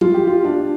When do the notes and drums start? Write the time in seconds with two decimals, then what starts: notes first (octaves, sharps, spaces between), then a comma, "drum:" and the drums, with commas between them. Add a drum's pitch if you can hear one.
0.01 F4, drum: tom F3
0.14 G4
0.27 F4
0.44 D4